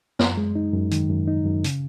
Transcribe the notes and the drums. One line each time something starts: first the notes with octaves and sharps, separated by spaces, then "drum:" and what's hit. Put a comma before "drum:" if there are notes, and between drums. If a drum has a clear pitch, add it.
F#2, drum: snare
G#3
D#4
F#2
D#3, drum: hi-hat
F#2
D#4
F#2
C#3, drum: hi-hat